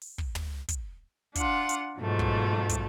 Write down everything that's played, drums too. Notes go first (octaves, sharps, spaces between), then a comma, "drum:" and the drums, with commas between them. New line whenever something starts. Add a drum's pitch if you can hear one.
drum: open hi-hat
drum: kick
drum: tom
drum: kick, hi-hat
D4 F4 F#5, drum: kick, hi-hat
drum: hi-hat
G#2 B2 F3 F#3 A3
drum: kick
drum: kick, hi-hat